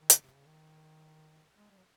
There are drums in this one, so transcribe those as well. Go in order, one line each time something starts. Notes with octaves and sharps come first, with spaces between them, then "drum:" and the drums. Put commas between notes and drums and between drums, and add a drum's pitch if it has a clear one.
D#3
D3, drum: hi-hat
C3
C#3
D#3
G#3
G3
F#3